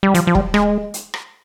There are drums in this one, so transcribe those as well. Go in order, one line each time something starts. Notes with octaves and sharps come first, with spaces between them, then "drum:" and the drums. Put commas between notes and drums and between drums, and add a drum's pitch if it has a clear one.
G3
F3, drum: hi-hat
F3
G3, drum: kick E1
G#3, drum: rim click
drum: hi-hat
drum: rim click